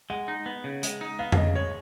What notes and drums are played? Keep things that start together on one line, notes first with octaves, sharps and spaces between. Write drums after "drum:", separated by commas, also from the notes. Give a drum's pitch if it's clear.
G#3 F#5
D#4
B3
C#3
G#3, drum: hi-hat
D#4
B3 F5
F5, drum: tom F2
C#3 D#5
G#3 C#5